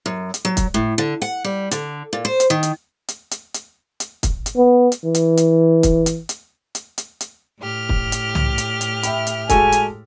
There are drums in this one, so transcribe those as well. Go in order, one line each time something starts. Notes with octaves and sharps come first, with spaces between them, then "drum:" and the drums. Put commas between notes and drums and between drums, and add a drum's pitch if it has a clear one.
F#2
drum: hi-hat
F#3
drum: kick, hi-hat
A2
D3
F#5
G3
D3, drum: hi-hat
A#2
C5
drum: hi-hat
D#3
drum: hi-hat
drum: hi-hat
drum: hi-hat
drum: hi-hat
drum: hi-hat
drum: kick, hi-hat
drum: hi-hat
B3
drum: hi-hat
E3
drum: hi-hat
drum: hi-hat
drum: kick, hi-hat
drum: hi-hat
drum: hi-hat
drum: hi-hat
drum: hi-hat
drum: hi-hat
A2 G4 F6
drum: kick
drum: hi-hat
drum: tom C2
drum: hi-hat
drum: hi-hat
E5 G5 B5, drum: hi-hat
drum: hi-hat
G#3 F#4 A4 G#5, drum: kick, hi-hat
drum: hi-hat